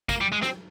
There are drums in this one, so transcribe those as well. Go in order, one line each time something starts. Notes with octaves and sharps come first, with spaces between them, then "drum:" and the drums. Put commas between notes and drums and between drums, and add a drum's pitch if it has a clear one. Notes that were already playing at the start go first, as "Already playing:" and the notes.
A#3, drum: kick, tambourine
G3
G#3
C4, drum: snare